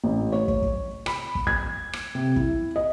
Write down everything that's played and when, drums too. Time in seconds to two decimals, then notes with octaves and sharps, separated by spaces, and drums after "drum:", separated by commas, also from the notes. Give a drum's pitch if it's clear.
0.04 A1
0.32 C#5
0.48 drum: kick
0.62 drum: kick
1.06 B5, drum: rim click
1.35 drum: kick
1.47 G#6, drum: kick
1.93 drum: rim click
2.15 C3
2.36 E4, drum: kick
2.76 D#5